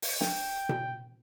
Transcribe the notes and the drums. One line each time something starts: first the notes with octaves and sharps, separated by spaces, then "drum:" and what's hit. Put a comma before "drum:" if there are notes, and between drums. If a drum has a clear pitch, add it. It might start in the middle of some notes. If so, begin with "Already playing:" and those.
drum: open hi-hat
G5, drum: snare
drum: tom B2